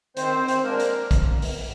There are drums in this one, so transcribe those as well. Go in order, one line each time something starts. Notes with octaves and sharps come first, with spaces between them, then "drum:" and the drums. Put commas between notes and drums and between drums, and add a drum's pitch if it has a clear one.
D#3 C4 C5, drum: hi-hat
drum: hi-hat
G#3 A#3 D4 A#4
drum: hi-hat
drum: kick, hi-hat
drum: open hi-hat